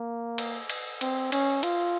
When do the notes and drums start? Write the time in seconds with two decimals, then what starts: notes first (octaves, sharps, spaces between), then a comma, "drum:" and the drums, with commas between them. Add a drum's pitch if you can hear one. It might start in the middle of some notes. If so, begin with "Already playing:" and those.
Already playing: A#3
0.38 drum: cymbal
0.69 drum: cymbal
1.01 C4, drum: cymbal
1.32 C#4, drum: cymbal
1.63 F4, drum: cymbal